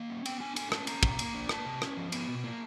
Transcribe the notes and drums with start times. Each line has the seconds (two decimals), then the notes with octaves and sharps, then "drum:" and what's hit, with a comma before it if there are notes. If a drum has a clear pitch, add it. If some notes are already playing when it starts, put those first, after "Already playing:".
Already playing: A#3 D#5
0.10 C#4
0.26 B3 G5, drum: cymbal
0.40 D4 G#5
0.56 A3 G#5, drum: cymbal
0.72 C#4 A5, drum: rim click
0.87 A#3 A#5, drum: cymbal
1.03 B2, drum: kick
1.19 A#3, drum: cymbal
1.34 D4
1.49 A#3 A5, drum: rim click
1.66 C3
1.82 C#4, drum: rim click
1.97 F3
2.12 B3, drum: cymbal
2.29 B2
2.44 A#3